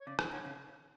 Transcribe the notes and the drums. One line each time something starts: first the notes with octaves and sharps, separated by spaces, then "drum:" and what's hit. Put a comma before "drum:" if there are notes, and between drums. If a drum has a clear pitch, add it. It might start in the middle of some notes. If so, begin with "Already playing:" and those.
C#5
C#3 D5
E3, drum: rim click
D3 C#5
C#3